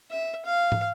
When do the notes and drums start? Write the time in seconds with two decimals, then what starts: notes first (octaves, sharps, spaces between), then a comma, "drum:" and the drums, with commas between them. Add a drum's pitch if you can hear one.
0.11 E5
0.45 F5
0.72 drum: tom